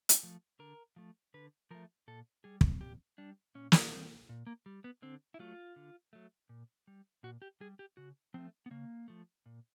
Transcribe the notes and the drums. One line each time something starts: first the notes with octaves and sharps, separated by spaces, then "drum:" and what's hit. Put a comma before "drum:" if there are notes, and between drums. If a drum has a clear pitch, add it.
drum: hi-hat
F3 A3
D3 A#4
F3 A3
D3 B4
F3 A3 A#4
A#2 A4
G3 G#4
drum: kick
A#2 G4
G3 D4
A#2 C#4
drum: snare
G3 C4
A#2
A#3
G3
B3
D3 C4
E4
F#3 A3 F4
D3
F#3 A3
A#2
G3
A#2 F#4
G4
G3 G#4
G4
C#3 F#4
F3 A3 C4
B3
C#3 A#3
F3 A3
A#2